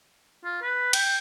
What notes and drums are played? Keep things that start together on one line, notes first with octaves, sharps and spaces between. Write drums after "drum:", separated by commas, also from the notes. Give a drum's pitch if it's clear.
F4
B4
G5, drum: cymbal